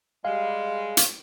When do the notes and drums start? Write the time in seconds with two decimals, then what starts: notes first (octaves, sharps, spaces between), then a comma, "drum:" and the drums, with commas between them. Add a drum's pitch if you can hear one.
0.25 G3 G#3 F5
0.97 drum: hi-hat